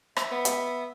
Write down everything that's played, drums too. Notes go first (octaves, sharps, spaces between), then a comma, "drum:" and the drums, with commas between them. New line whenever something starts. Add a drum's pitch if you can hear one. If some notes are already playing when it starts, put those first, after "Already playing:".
E5, drum: rim click
B3
drum: hi-hat